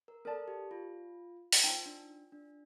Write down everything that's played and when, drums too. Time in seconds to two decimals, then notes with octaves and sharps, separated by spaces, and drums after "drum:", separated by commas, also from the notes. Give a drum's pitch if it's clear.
0.08 A#4
0.25 A4 A#4 D5 A5
0.48 G4
0.71 F4
1.52 drum: open hi-hat
1.63 D#4 F4 C5 G5 A#5
1.86 D4
2.32 D4